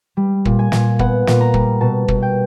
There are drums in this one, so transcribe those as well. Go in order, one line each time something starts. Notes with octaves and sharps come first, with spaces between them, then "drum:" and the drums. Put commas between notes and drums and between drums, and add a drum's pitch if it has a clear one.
G3
A#2, drum: kick
G#5
A#2, drum: snare
B3 F#5, drum: kick
A#2, drum: snare
A#5
G3, drum: kick
B2 A5
B2, drum: kick
G5